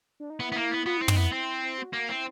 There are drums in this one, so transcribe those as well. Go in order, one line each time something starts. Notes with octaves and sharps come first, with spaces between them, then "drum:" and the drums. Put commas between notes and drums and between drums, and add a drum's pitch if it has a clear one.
D4
D#4
B3 E4
B3
A#3
B3
B3 F4
C4 E4
D#4, drum: tom
B3 E4
C4
F#4
A#3 F#4
C4 E4